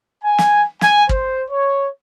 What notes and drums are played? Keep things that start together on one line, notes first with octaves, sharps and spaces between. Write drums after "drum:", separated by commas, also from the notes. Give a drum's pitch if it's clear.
G#5
drum: snare
G#5, drum: snare
C5, drum: kick
C#5